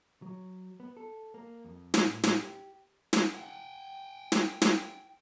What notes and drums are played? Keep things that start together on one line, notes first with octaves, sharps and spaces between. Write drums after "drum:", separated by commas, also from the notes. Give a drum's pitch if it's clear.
F#3
B3
A4
A#3
F2
drum: snare
A2
drum: snare
G4
drum: snare
F#5 G5
drum: snare
drum: snare